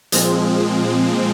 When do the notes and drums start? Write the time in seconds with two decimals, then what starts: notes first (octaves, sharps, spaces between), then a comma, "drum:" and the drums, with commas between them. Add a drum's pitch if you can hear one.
0.12 A#2 F3 G#3 C4, drum: hi-hat